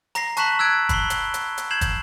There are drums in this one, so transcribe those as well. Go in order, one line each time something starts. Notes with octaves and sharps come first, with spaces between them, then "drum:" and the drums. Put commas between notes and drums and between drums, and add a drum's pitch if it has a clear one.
A#5 A#6 C7, drum: hi-hat
A5 C#6 F#6 B6 E7 F#7, drum: hi-hat
E6 F#6 G#6 D7
B5 C7 G7, drum: kick, hi-hat
drum: hi-hat
drum: hi-hat
drum: hi-hat
G6 G#6 C7 E7 F#7
drum: kick, hi-hat